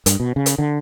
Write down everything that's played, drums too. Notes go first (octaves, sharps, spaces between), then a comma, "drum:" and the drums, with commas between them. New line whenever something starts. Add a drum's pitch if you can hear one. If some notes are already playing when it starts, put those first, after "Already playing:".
G2, drum: hi-hat
B2
C#3
drum: hi-hat
D3